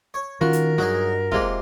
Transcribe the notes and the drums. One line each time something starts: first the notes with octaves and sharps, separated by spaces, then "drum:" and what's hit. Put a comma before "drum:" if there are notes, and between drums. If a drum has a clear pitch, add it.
C#5
D#3 C#4 F4 F#4 A#4
drum: hi-hat
G2 F#3 D#4 F#4 G#4
C3 G#3 A#3 F4, drum: kick